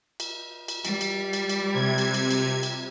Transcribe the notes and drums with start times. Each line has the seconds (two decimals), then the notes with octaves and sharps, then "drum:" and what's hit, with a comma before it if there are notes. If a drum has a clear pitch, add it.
0.20 drum: cymbal
0.68 drum: cymbal
0.85 G3, drum: cymbal
1.01 drum: cymbal
1.33 drum: cymbal
1.49 drum: cymbal
1.73 C3 G#6
1.98 drum: cymbal
2.14 drum: cymbal
2.31 drum: cymbal
2.63 drum: cymbal